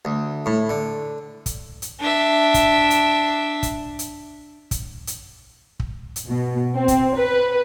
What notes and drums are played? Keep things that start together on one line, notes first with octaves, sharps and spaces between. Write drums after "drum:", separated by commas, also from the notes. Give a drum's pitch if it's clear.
D2
A2
D3
drum: kick, hi-hat
drum: hi-hat
D4 E5
drum: kick, hi-hat
drum: hi-hat
drum: kick, hi-hat
drum: hi-hat
drum: kick, hi-hat
drum: hi-hat
drum: kick
drum: hi-hat
B2
C4
drum: kick, hi-hat
B4